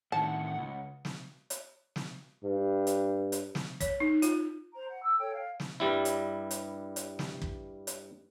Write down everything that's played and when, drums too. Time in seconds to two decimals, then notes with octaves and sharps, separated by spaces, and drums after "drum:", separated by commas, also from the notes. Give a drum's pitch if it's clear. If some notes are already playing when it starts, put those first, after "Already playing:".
0.12 A2 D#3 F#5 A5
0.58 C#2
1.05 drum: snare
1.50 drum: hi-hat
1.96 drum: snare
2.45 G2
2.87 drum: hi-hat
3.32 drum: hi-hat
3.55 drum: snare
3.81 C#5, drum: kick, hi-hat
4.00 D#4
4.22 F4, drum: hi-hat
4.74 C5 A#5
4.90 F#5
5.04 E6
5.18 A4 C#5 G5
5.33 F5
5.60 drum: snare
5.80 G2 G3 E4
6.05 drum: hi-hat
6.51 drum: hi-hat
6.96 drum: hi-hat
7.19 drum: snare
7.42 drum: kick
7.87 drum: hi-hat